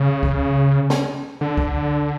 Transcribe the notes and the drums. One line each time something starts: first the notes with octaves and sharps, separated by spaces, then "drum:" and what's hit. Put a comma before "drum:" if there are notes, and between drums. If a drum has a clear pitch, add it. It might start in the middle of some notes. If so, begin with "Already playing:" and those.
Already playing: C#3
drum: kick
drum: snare
D3
drum: kick